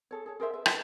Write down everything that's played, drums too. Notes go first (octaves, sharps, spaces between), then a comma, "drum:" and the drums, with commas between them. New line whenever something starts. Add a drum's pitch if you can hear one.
G#4 A4 C#5
G#4 A4 C#5
G#4 A#4 C5 E5
B4 E5
B4, drum: rim click